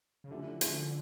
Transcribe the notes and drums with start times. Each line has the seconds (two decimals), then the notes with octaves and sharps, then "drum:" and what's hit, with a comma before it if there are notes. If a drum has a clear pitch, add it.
0.24 C#3
0.31 D3 F3 A3 C#4 E4 G4
0.61 F3 A3 C#4, drum: hi-hat